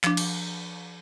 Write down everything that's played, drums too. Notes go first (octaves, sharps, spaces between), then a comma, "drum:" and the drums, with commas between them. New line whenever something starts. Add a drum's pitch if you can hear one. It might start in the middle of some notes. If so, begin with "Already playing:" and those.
F3 D4, drum: clap
drum: cymbal